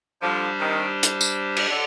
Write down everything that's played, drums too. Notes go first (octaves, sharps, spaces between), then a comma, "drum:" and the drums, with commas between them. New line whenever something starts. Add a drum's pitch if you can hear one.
D3 F3 G3 D4 G4 C5
C3 D#3
drum: hi-hat
drum: tambourine
drum: cymbal
D3